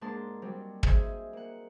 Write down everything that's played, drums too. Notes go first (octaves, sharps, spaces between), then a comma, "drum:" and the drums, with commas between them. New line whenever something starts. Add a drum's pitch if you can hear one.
G#2 G#3 A#3 D4 A5 C6
F#3 G3 C4
G#4 C5 D#5 E5 G#5, drum: kick
A#3 F#5